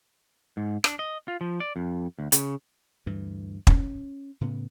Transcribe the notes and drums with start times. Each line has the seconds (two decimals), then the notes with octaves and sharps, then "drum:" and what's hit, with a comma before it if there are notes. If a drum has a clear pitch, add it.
0.57 G#2
0.84 D4, drum: rim click
0.99 D#5
1.28 F4
1.41 F3
1.60 D5
1.76 F2
2.19 D2
2.32 C#3, drum: hi-hat
3.06 D2 G2 E3
3.67 C#4, drum: kick
4.41 A2 C#3 B3